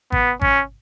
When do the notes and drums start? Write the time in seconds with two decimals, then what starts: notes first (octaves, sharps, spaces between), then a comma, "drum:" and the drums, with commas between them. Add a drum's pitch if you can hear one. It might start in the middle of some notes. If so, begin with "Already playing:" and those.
0.12 B3, drum: kick G#1
0.41 C#4, drum: kick G#1